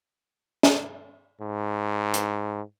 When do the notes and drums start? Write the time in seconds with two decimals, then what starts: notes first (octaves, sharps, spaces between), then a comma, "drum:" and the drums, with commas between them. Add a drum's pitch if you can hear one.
0.63 drum: snare
1.41 G#2
2.14 drum: hi-hat